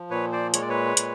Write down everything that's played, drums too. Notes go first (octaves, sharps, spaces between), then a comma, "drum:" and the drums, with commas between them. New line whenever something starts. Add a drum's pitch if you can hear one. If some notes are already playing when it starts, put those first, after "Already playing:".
Already playing: F3
A#2 B4 C#5
C5 D5
G#3 C#5, drum: hi-hat
D5
B4 C#5
A#2, drum: hi-hat